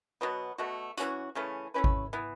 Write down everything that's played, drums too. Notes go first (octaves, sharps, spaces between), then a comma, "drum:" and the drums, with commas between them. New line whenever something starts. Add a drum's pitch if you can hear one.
B2 F#3 B3
B2 A3 F#4
E3 C#4 F#4, drum: hi-hat
C#3 E3 A3 C#4
A3 C#4 E4 B4
drum: kick G#1
E3 B3 E4